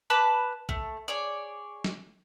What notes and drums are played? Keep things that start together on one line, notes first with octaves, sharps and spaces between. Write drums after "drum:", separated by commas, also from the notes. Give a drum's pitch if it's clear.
B4 A5 B5 D6
A3, drum: kick
G#4 C#5 D5
drum: snare